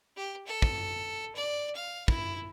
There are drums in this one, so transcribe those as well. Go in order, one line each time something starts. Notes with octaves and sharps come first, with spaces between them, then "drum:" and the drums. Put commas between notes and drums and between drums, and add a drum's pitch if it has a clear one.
G4
A4
drum: kick
D5
F5
E4, drum: kick